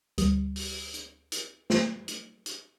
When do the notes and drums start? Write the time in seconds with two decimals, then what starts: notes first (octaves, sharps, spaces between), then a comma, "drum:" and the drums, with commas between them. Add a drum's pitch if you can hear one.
0.18 D2 G3, drum: hi-hat
0.56 drum: open hi-hat
0.94 drum: hi-hat
1.32 drum: hi-hat
1.70 drum: snare
2.08 drum: hi-hat
2.46 drum: hi-hat